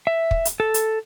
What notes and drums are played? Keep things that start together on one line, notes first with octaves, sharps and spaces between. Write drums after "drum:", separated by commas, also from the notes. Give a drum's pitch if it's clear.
E5
drum: kick
drum: hi-hat
A4
drum: hi-hat